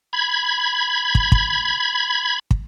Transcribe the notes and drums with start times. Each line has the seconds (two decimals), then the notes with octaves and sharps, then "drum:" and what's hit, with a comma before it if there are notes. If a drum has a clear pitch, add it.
0.13 B5 G#6
1.15 drum: kick
1.32 drum: kick
2.51 drum: kick